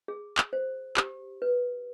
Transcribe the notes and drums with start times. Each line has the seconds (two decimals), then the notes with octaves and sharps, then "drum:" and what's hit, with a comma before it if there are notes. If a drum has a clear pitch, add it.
0.08 G#4
0.38 drum: clap
0.53 C5
0.97 G4, drum: clap
1.42 B4